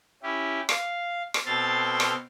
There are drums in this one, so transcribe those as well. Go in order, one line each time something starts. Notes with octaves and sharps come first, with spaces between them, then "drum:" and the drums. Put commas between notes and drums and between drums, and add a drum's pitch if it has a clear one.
C#4 E4 G4
F5, drum: rim click
drum: rim click
B2 C4 A4 C6 F6 A6
drum: rim click